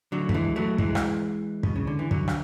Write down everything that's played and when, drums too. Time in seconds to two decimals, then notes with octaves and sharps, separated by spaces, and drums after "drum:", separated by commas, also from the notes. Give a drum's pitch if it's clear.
0.12 D3 F#3
0.29 A3, drum: kick
0.34 E3 G#3
0.56 F#3 A3
0.78 E3 G#3, drum: kick
0.95 drum: rim click
1.63 B2, drum: kick
1.76 C#3
1.87 D3
1.99 E3
2.11 D3 F#3, drum: kick
2.28 drum: rim click